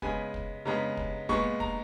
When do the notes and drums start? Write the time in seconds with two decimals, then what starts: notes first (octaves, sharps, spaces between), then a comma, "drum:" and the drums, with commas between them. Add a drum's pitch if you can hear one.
0.02 C#3 G#3 B3 G#5, drum: kick
0.34 drum: kick
0.65 C#3 G#3 B3 A#5
0.97 drum: kick
1.29 A#2 G#3 B3 C#6, drum: kick
1.60 A#5, drum: kick